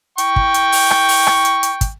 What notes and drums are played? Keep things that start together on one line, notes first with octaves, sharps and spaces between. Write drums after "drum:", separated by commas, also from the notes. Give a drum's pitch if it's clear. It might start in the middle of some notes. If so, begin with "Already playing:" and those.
G5 C#6, drum: hi-hat
drum: kick
drum: hi-hat
drum: open hi-hat
drum: rim click
drum: open hi-hat
drum: rim click
drum: hi-hat
drum: hi-hat
drum: kick, hi-hat